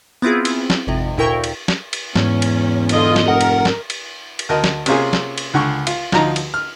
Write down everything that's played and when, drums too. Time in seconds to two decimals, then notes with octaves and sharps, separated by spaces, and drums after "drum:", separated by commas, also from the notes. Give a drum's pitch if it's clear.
0.22 B3 C4 E4 F4 G#4
0.45 drum: cymbal
0.70 drum: snare
0.87 G#1 F2 C3
1.18 D2 A#2 E4 A#4 G5 C#6
1.44 drum: cymbal
1.68 drum: snare
1.93 drum: cymbal
2.16 E2 G#2 C#4, drum: snare
2.42 drum: cymbal
2.89 D3 F4 D#5, drum: cymbal
3.16 drum: snare
3.28 F1 A#4 F#5
3.41 drum: cymbal
3.65 drum: snare
3.90 drum: cymbal
4.39 drum: cymbal
4.49 D2 A#4 D#5 A5
4.64 drum: snare
4.86 C3 A#3 C4 C#4 F4 G#4, drum: cymbal
5.13 drum: snare
5.38 drum: cymbal
5.54 C#2 D3 C#6
5.87 F4, drum: cymbal
6.12 D2 F3 D#4 A#5, drum: snare
6.36 drum: cymbal
6.54 F6